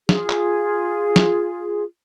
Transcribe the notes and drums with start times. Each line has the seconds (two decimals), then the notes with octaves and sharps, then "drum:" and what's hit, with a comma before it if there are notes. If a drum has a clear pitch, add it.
0.09 F4 G#4, drum: snare
0.30 drum: clap
1.16 drum: snare